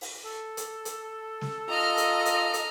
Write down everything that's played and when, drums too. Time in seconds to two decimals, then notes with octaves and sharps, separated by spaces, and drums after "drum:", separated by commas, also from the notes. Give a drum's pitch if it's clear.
0.01 drum: open hi-hat
0.25 A4
0.57 drum: hi-hat
0.85 drum: hi-hat
1.41 drum: snare
1.69 F4 D#5 A#5 F6
1.97 drum: hi-hat
2.26 drum: hi-hat
2.54 drum: hi-hat